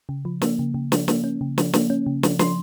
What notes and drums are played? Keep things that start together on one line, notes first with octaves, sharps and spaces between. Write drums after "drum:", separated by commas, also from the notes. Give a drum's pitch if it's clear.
C#3
F3
A#3, drum: snare
C#3
C#3
F3, drum: snare
A#3, drum: snare
C#4
C#3
F3, drum: snare
A#3, drum: snare
C#4
C#3
F3, drum: snare
F3 C6, drum: snare